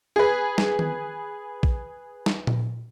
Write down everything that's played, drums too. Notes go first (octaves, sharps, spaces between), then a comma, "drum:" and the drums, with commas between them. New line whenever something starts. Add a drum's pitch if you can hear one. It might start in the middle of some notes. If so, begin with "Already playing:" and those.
G#4 B4
drum: snare
drum: tom D#3
drum: kick A#1
drum: snare
drum: tom A#2